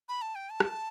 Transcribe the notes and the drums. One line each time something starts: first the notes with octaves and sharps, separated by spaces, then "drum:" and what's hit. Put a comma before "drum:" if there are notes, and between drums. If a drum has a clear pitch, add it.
B5
A5
G5
A5
drum: rim click